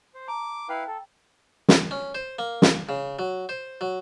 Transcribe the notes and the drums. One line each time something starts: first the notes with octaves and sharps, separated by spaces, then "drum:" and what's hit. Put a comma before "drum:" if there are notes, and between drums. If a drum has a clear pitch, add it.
C5
A5 A#5 D6
E4 B4 F5 G5
A4
drum: snare
C#4
C5
A#3
drum: snare
C#3
F#3
C5
F#3